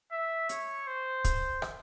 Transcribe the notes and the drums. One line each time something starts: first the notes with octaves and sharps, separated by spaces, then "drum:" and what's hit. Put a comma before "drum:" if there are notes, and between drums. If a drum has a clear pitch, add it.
E5
C#5, drum: hi-hat
C5
drum: kick, hi-hat
drum: rim click